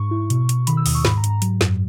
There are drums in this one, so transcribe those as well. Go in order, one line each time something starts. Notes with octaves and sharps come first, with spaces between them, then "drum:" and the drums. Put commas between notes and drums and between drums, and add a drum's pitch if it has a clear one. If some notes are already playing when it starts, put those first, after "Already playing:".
Already playing: G#2 C#6
E4
B2, drum: hi-hat
B2, drum: hi-hat
D#3 B5, drum: hi-hat
E6
D#2 D#6, drum: open hi-hat
C#6
G#2 B5, drum: snare
A#5
G#2, drum: hi-hat
A#5
F#3, drum: hi-hat
F#2, drum: snare